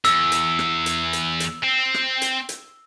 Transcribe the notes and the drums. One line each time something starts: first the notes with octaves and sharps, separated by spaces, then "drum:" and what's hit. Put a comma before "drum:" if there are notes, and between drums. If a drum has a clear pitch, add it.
E2 E6, drum: hi-hat
drum: hi-hat
drum: rim click
drum: hi-hat
drum: hi-hat
drum: hi-hat
C4
drum: rim click
drum: hi-hat
drum: hi-hat